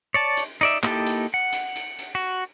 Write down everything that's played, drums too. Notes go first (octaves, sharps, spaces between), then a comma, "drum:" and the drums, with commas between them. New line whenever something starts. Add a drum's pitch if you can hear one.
C#5 D5 A5
drum: hi-hat
D#4 D5 E5, drum: hi-hat
A#3 D#4 E4 G4 A4, drum: clap
drum: hi-hat
F#5
drum: hi-hat
drum: hi-hat
drum: hi-hat
F#4